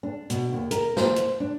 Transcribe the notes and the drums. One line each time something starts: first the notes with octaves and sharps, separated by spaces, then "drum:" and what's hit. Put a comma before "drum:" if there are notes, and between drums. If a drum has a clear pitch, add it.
D4
B2, drum: hi-hat
D#2
A#4, drum: hi-hat
C5, drum: snare
drum: hi-hat
D4